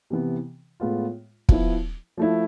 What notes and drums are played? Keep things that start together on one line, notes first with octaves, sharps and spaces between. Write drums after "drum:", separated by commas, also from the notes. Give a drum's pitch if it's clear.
C3 E3 B3
A2 G#3 B3 F4
F3 B3 E4, drum: kick
F3 A3 E4